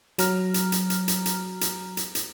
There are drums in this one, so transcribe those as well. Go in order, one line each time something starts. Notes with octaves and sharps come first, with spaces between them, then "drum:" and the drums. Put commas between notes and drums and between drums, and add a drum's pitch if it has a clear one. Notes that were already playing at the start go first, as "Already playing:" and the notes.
F#3 A#5 F6, drum: hi-hat
drum: hi-hat
drum: hi-hat
drum: hi-hat
drum: hi-hat
drum: hi-hat
drum: hi-hat
drum: hi-hat
drum: hi-hat